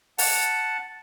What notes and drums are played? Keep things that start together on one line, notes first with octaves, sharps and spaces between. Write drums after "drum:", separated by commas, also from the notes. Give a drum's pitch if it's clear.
F#5 A5, drum: open hi-hat